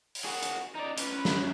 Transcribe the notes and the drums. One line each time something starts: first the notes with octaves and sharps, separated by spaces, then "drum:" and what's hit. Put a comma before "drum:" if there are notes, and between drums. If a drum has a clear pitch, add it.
drum: open hi-hat
F#4 G#4
drum: hi-hat
D#4 D5
C#4 B4, drum: hi-hat
drum: snare
F#2